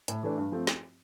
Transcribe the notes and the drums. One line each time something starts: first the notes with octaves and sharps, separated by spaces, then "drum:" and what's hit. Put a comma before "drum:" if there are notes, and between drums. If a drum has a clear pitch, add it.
A2, drum: hi-hat
E3 A3 D4
G2
F3 A3 C4 F4
drum: snare